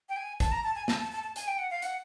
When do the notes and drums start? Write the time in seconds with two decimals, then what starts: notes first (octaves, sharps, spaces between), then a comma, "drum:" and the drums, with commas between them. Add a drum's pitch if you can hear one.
0.09 G5
0.17 G#5
0.40 A5, drum: kick, hi-hat
0.52 A#5
0.64 A5
0.76 G#5
0.88 A5, drum: snare
1.00 A5
1.12 A5
1.24 A5
1.36 G#5, drum: hi-hat
1.48 G5
1.58 F#5
1.71 F5
1.82 F#5, drum: hi-hat